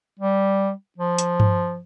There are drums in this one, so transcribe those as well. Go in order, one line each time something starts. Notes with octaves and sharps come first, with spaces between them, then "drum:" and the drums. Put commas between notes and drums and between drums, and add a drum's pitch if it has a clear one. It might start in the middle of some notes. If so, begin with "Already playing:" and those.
G3
F3
drum: hi-hat
drum: tom G2